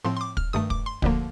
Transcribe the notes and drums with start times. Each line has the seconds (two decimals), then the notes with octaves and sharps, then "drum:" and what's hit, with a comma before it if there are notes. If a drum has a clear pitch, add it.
0.05 A2 F3 C4 C6
0.17 C6
0.21 D6
0.37 F6, drum: kick
0.53 G2 D#3 A3 D#6
0.70 D6, drum: kick
0.86 C6
1.02 D2 D3 F3 A#3, drum: kick